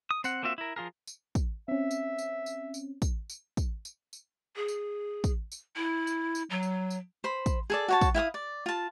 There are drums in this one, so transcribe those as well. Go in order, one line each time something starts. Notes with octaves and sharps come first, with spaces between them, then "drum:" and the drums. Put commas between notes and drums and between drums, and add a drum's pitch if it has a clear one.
D#6
C4 F#5, drum: tambourine
A#3 C4 F4 F#4 E5
E4 A#4
F3 F4 G#4 A#4
drum: tambourine
drum: kick, tambourine
C4 C#4 E5
drum: tambourine
drum: tambourine
drum: tambourine
drum: tambourine
drum: kick, tambourine
drum: tambourine
drum: kick, tambourine
drum: tambourine
drum: tambourine
G#4
drum: tambourine
drum: kick, tambourine
drum: tambourine
E4
drum: tambourine
drum: tambourine
F#3
drum: tambourine
drum: tambourine
C5 B5
drum: kick, tambourine
G#4 A4 D5
F#4 C#5 A5
drum: kick, tambourine
E4 F5 G5 D#6
D5
F4 A5